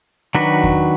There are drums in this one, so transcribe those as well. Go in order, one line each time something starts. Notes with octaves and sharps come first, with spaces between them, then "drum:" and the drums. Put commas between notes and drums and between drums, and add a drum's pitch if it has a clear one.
D#3 F#3 D4 F#4 B4
drum: kick E2